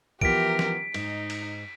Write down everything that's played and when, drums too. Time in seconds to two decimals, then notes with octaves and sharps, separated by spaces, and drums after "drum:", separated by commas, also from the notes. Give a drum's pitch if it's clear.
0.21 E3 F3 B3 G4 A#4 B6 D7, drum: kick
0.59 drum: snare
0.94 G#2 D#4, drum: cymbal
1.30 drum: cymbal